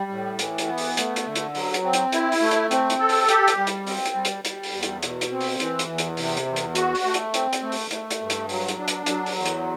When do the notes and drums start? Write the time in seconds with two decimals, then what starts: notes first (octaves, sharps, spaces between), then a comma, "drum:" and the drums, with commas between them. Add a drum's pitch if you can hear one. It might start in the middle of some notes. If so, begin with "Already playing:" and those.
Already playing: G3
0.11 A2
0.39 E3, drum: hi-hat
0.58 drum: hi-hat
0.67 B3
0.78 drum: open hi-hat
0.97 A3, drum: hi-hat
1.16 drum: hi-hat
1.26 D3
1.35 drum: hi-hat
1.55 F#3, drum: open hi-hat
1.74 drum: hi-hat
1.84 C4
1.93 drum: hi-hat
2.12 E4, drum: hi-hat
2.32 drum: open hi-hat
2.41 A3
2.51 drum: hi-hat
2.71 C4, drum: hi-hat
2.90 drum: hi-hat
2.99 A4
3.09 drum: open hi-hat
3.29 G4, drum: hi-hat
3.48 drum: hi-hat
3.57 G3
3.67 drum: hi-hat
3.87 C4, drum: open hi-hat
4.05 drum: hi-hat
4.15 G3
4.25 drum: hi-hat
4.45 G3, drum: hi-hat
4.63 drum: open hi-hat
4.73 E2
4.83 drum: hi-hat
5.03 B2, drum: hi-hat
5.21 drum: hi-hat
5.31 C4
5.40 drum: open hi-hat
5.60 E3, drum: hi-hat
5.79 drum: hi-hat
5.89 E2
5.98 drum: hi-hat
6.17 C3, drum: open hi-hat
6.37 drum: hi-hat
6.46 E2
6.56 drum: hi-hat
6.75 F#4, drum: hi-hat
6.95 drum: open hi-hat
7.04 A3
7.14 drum: hi-hat
7.34 C4, drum: hi-hat
7.53 drum: hi-hat
7.62 A3
7.72 drum: open hi-hat
7.91 A3, drum: hi-hat
8.11 drum: hi-hat
8.21 G2
8.30 drum: hi-hat
8.49 F#3, drum: open hi-hat
8.68 drum: hi-hat
8.77 D4
8.88 drum: hi-hat
9.06 F#3, drum: hi-hat
9.26 drum: open hi-hat
9.36 E2
9.46 drum: hi-hat